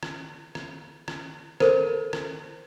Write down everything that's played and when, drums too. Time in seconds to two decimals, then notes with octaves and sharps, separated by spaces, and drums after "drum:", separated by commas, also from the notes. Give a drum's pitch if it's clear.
0.03 drum: rim click
0.55 drum: rim click
1.08 drum: rim click
1.60 A4 A#4 C5, drum: rim click
2.13 drum: rim click